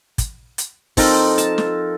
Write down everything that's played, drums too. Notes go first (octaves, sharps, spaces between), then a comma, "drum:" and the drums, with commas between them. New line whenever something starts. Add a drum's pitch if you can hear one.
drum: kick, hi-hat
drum: hi-hat
F3 C4 D#4 A4 A#4, drum: kick, open hi-hat
A5, drum: hi-hat
drum: snare